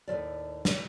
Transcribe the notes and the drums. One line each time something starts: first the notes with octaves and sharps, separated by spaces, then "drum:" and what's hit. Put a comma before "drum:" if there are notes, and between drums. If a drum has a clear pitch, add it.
D#2 A2 F3 D5
drum: snare